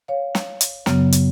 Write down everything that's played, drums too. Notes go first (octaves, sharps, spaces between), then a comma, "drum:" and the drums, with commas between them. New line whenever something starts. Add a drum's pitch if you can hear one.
C#5 F5
drum: snare
drum: hi-hat
F#2 C#3 F#3 B3, drum: snare
drum: hi-hat